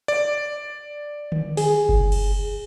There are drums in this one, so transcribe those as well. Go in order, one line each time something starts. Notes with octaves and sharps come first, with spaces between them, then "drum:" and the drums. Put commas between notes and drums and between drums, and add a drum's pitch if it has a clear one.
D5
drum: tom D3
G#4, drum: open hi-hat
drum: kick F#1
drum: cymbal